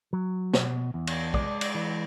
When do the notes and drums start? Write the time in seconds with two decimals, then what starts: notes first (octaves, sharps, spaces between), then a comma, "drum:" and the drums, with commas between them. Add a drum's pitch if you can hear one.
0.13 F#3
0.54 B2, drum: snare
0.94 E2
1.07 drum: cymbal
1.34 G#3 D5, drum: kick
1.61 drum: cymbal
1.75 E3